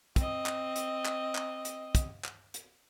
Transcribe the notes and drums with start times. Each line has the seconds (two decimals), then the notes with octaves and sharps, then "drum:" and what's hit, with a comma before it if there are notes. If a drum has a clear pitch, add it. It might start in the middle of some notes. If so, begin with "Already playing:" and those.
0.16 C4 D#5, drum: kick, hi-hat
0.46 drum: clap
0.76 drum: hi-hat
1.05 drum: clap
1.35 drum: clap
1.65 drum: hi-hat
1.95 drum: kick, hi-hat
2.24 drum: clap
2.54 drum: hi-hat